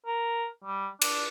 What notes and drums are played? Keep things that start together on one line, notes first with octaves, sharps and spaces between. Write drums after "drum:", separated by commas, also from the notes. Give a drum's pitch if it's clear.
A#4
G3
D4, drum: cymbal